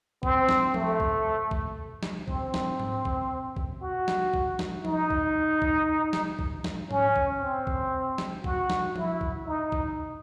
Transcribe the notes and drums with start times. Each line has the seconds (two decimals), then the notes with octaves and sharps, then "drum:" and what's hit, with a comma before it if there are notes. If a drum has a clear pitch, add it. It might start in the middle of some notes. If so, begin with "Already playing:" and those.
0.23 C4, drum: kick A#1
0.49 drum: snare
0.74 A3, drum: tom F3
1.00 drum: kick A#1
1.51 drum: kick A#1
2.03 drum: snare
2.28 C4, drum: kick A#1
2.54 drum: snare
2.80 drum: tom G#2
3.05 drum: kick A#1
3.57 drum: kick A#1
3.82 F#4
4.08 drum: snare
4.33 drum: kick A#1
4.59 drum: snare
4.85 D#4, drum: tom F3
5.10 drum: kick A#1
5.62 drum: kick A#1
6.13 drum: snare
6.39 drum: kick A#1
6.64 drum: snare
6.91 C#4, drum: tom G#2
7.16 drum: kick A#1
7.41 C4
7.67 drum: kick A#1
8.18 drum: snare
8.44 F#4, drum: kick A#1
8.70 drum: snare
8.96 E4, drum: tom F3
9.21 drum: kick A#1
9.47 D#4
9.72 drum: kick A#1